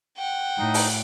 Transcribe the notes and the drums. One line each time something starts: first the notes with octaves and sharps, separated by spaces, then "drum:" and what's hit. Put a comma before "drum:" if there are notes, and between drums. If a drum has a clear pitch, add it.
F#5 G5
A2 D#4
drum: open hi-hat